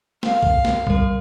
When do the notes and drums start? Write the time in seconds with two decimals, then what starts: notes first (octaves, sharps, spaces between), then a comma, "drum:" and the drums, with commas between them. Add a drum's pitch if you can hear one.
0.23 F5, drum: snare
0.43 drum: kick B1
0.65 drum: snare
0.87 G3 A#4, drum: kick B1